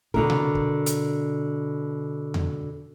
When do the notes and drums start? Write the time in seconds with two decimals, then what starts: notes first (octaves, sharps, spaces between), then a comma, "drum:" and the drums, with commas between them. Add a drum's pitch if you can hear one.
0.14 B2 D3 A#4, drum: kick
0.30 drum: tom B2
0.55 drum: kick
0.86 drum: hi-hat
2.34 drum: tom E2